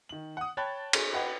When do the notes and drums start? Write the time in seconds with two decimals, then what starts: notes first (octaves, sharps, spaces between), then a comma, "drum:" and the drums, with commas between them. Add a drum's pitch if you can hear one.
0.09 D#3 F#7
0.37 F#5 D#6
0.57 C#5 G5 A5 B5 F#6 A6
0.93 G#4, drum: cymbal
1.13 B4 D#5 F#5 G5